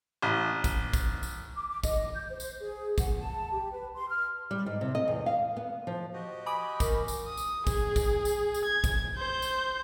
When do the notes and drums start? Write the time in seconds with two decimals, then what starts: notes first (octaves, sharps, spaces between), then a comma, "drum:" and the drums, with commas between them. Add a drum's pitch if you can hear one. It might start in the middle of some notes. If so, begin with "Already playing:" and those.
0.22 A1
0.64 drum: kick, tambourine
0.93 drum: kick, tambourine
1.23 drum: tambourine
1.56 D6
1.69 D6
1.84 D#5, drum: kick, tambourine
2.15 G6
2.30 C5
2.40 drum: tambourine
2.60 G#4
2.98 F#5, drum: kick, tambourine
3.19 A5
3.51 G4
3.71 B4
3.95 C6
4.09 F6
4.51 G3
4.66 G#2
4.81 C3
4.95 D#5
5.08 E2
5.26 F5
5.57 B3
5.87 F3
6.13 F#4 G4 D#5
6.46 G#5 B5 D6 D#6
6.80 A#4, drum: kick, tambourine
7.08 drum: tambourine
7.27 D#6
7.37 drum: tambourine
7.67 G#4, drum: kick, tambourine
7.96 drum: kick, tambourine
8.25 drum: tambourine
8.54 drum: tambourine
8.65 G#6
8.84 drum: kick, tambourine
9.17 C5 G6
9.42 drum: tambourine